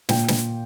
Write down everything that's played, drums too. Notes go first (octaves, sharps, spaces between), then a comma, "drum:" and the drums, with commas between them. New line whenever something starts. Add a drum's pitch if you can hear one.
A#2 G5, drum: snare
drum: snare